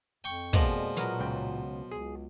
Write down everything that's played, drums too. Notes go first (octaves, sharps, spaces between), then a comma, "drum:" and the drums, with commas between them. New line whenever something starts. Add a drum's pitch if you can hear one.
F2 G5 C#6
B2 F3 G#3 A#3 D5 A#5, drum: kick
A#2 F#3 B3 A#4
C#2 G5
C#2 G#4